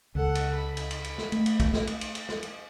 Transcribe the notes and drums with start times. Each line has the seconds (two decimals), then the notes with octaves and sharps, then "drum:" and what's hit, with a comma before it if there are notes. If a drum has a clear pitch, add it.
0.15 C#2 A4 F#5
0.35 drum: cymbal
0.55 B5
0.77 drum: cymbal
0.91 drum: cymbal
1.04 drum: cymbal
1.18 drum: snare
1.32 A3, drum: cymbal
1.46 drum: cymbal
1.60 drum: kick, cymbal
1.74 drum: snare
1.87 drum: cymbal
2.01 drum: cymbal
2.15 drum: cymbal
2.29 drum: snare
2.43 drum: cymbal